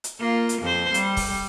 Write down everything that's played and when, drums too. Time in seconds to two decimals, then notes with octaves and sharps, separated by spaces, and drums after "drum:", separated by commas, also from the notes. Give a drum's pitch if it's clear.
0.04 drum: hi-hat
0.20 A#3 F4
0.49 drum: hi-hat
0.62 F2 C5
0.94 G3, drum: hi-hat
1.17 drum: kick, open hi-hat